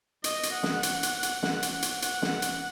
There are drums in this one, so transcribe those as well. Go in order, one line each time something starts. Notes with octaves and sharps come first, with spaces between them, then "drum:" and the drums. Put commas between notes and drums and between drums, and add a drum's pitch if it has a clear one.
D#5, drum: hi-hat
drum: hi-hat
F#5
drum: snare
drum: hi-hat
drum: hi-hat
drum: hi-hat
drum: snare
drum: hi-hat
drum: hi-hat
F#5, drum: hi-hat
drum: snare
drum: hi-hat